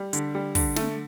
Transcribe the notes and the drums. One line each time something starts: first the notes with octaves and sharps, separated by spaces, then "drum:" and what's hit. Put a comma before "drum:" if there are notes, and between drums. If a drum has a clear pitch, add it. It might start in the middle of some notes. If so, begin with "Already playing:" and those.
Already playing: G3
D3, drum: hi-hat
G3
D3, drum: kick, open hi-hat
A3, drum: snare